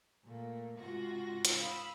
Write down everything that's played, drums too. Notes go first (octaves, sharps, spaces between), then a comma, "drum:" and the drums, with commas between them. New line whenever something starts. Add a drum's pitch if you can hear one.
A#2 A3 A#3
G#2 C3 F4 F#4 A#6
drum: hi-hat
F5 B5 D#6 E6